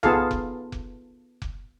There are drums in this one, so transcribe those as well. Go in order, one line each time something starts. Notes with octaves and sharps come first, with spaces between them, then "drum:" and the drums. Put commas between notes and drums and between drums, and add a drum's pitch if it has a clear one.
B3 D#4 F4 G#4 A4 F5, drum: tom B1
drum: kick F1
drum: kick F1
drum: kick F1